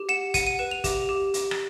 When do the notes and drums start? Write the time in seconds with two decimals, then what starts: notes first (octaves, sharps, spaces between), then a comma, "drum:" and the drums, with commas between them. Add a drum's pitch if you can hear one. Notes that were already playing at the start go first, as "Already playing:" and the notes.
Already playing: G4
0.09 F#5 E7
0.34 F#5 D#7, drum: kick, hi-hat
0.47 D#7
0.59 B4 E7
0.71 F7
0.84 G4, drum: kick, hi-hat
1.09 G4
1.34 G4, drum: hi-hat
1.51 drum: rim click